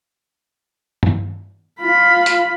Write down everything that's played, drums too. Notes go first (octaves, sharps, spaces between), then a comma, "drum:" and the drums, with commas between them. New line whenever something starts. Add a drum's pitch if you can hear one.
drum: tom G2
F4 B5
drum: hi-hat